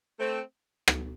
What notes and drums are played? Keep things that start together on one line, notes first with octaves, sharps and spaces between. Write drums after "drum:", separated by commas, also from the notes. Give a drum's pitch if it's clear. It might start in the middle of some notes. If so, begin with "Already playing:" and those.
A3 C4
drum: rim click